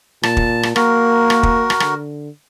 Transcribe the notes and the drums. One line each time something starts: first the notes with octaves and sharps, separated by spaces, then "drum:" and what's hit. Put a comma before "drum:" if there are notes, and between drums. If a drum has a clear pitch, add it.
A#2 A5, drum: rim click
drum: kick
drum: rim click
A#3 F#4 A#4, drum: rim click
drum: rim click
drum: kick
drum: rim click
D3, drum: rim click